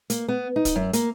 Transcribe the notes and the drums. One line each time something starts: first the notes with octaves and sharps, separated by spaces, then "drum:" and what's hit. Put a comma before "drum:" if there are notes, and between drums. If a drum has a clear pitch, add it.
A#3, drum: hi-hat
B3
D#4
drum: kick, hi-hat
F#2
A#3, drum: hi-hat